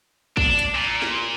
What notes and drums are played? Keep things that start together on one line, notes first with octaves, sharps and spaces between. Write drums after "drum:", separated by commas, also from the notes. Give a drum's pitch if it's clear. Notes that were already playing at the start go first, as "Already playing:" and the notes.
D4, drum: kick
drum: hi-hat
A#2
drum: snare